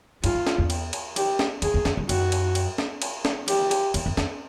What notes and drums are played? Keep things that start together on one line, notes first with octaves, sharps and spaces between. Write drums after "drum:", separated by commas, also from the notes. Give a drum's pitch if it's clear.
F#2 F4, drum: cymbal
F#2
drum: snare
E2
drum: cymbal
drum: cymbal
G4, drum: cymbal
drum: snare
E2 G#4, drum: cymbal
E2
F2, drum: snare
G2
F#2 F#4, drum: cymbal
drum: cymbal
drum: cymbal
drum: snare
drum: cymbal
drum: snare
G4, drum: cymbal
drum: cymbal
E2, drum: cymbal
F2
F2, drum: snare